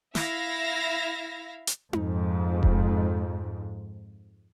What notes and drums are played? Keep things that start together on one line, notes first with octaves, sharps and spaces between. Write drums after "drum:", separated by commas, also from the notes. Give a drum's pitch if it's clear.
E4 E5 F5 A#6, drum: snare
drum: hi-hat
F2 G#2, drum: tom D#4
drum: kick E1